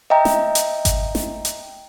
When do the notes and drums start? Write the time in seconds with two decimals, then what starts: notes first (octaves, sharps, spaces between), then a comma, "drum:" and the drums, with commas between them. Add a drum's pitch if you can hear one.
0.10 D#5 E5 G5 A#5
0.25 drum: snare
0.55 drum: hi-hat
0.85 drum: kick G#1, hi-hat
1.15 drum: snare
1.45 drum: hi-hat